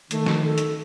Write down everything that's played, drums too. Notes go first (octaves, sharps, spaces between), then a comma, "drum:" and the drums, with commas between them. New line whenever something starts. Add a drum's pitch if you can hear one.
D#3 A3, drum: hi-hat
drum: snare
A4
drum: hi-hat